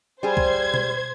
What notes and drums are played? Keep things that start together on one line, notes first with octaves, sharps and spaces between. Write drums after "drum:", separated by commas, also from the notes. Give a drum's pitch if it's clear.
G3 G#4 C5 G#6
drum: kick
drum: tom B2